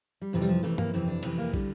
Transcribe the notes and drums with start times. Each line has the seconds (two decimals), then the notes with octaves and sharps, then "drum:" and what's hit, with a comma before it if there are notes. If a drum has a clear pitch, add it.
0.21 G3
0.33 F2 C3 E3 F3
0.42 G3, drum: tambourine
0.49 F3
0.63 F2 C3 E3 A3
0.78 A#3, drum: tom G2
0.93 F2 C3 E3 C4
1.08 D4
1.23 F2 C3 E3 C4, drum: cymbal
1.38 A#3
1.54 D3 G3, drum: kick